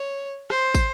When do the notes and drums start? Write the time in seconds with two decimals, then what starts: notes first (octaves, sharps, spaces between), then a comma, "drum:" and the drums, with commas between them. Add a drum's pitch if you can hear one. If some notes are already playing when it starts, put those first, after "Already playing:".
Already playing: C#5
0.50 C5, drum: rim click
0.75 drum: kick, tambourine